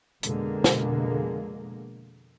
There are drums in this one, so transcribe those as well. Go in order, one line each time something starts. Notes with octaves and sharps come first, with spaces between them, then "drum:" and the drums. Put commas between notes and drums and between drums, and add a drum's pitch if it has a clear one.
F2 B2 D3 G#3 A#3, drum: hi-hat
drum: snare